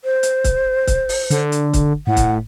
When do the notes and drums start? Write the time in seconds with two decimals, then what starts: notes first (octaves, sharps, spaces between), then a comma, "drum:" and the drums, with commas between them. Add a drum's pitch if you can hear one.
0.04 C5
0.23 drum: hi-hat
0.44 drum: kick C#1, hi-hat
0.87 drum: kick C#1, hi-hat
1.09 drum: open hi-hat
1.30 D3, drum: hi-hat
1.52 drum: hi-hat
1.73 drum: kick C#1, hi-hat
2.07 A2 F#5
2.17 drum: kick C#1, hi-hat